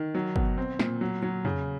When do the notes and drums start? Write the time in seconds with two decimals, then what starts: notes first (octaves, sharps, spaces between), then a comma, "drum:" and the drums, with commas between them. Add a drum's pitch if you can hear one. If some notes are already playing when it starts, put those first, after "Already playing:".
Already playing: D#3
0.15 F#3
0.36 B2, drum: kick G1
0.58 C4
0.79 A#2, drum: snare
1.01 F#3
1.22 F#3
1.45 C#3, drum: tom